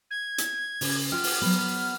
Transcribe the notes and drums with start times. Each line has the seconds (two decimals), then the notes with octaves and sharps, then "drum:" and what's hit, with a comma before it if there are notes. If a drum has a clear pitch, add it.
0.11 G#6
0.38 drum: hi-hat
0.81 C#3, drum: open hi-hat
1.12 F4 F#5 G5 F6
1.24 drum: open hi-hat
1.42 F#3 B3